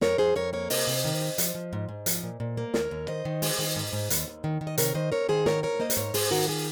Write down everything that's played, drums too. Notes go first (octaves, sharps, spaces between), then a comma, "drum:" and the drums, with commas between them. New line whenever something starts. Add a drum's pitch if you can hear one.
F2 A#4 C#5, drum: snare
F2 G#4 C5
F2 A#4 C#5
A#3 A#4 C#5
C3 C5 D#5, drum: open hi-hat
C3
D#3
C3
F3, drum: hi-hat
F3
G#2
G#2
F3, drum: hi-hat
A#2
A#2
A#3
D#2 A#4 C#5, drum: snare
D#2
D#3 C5 D#5
D#3
G#3, drum: open hi-hat
D#3
G#2
G#2
D#2, drum: hi-hat
D#2
D#3
D#3
D#5
C3 A#4 C#5, drum: hi-hat
D#3 C5 D#5
C3 A#4 C#5
D#3 G#4 C5
G#2 A#4 C#5, drum: snare
G#2 A#4 C#5
A#3 C5 D#5
C5, drum: hi-hat
G#2 A#4 C#5
G#2 G#4 C5, drum: open hi-hat
D#3 F#4 A#4
F4 G#4